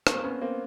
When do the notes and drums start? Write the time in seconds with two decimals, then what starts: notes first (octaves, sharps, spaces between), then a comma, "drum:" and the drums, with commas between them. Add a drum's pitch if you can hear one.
0.07 A#3 C4, drum: rim click
0.23 B3 C#4
0.41 A#3 C4